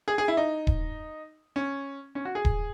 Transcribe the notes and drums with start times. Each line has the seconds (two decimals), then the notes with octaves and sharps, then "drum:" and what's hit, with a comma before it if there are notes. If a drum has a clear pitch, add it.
0.08 G#4
0.18 G#4
0.28 E4
0.37 D#4
0.67 drum: kick D#1
1.56 C#4
2.15 C#4
2.25 F#4
2.35 G#4
2.45 drum: kick D#1